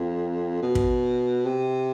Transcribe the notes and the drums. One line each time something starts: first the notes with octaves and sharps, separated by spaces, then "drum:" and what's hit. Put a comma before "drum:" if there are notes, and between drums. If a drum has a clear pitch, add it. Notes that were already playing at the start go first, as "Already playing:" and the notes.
Already playing: F2
B2
drum: kick
C3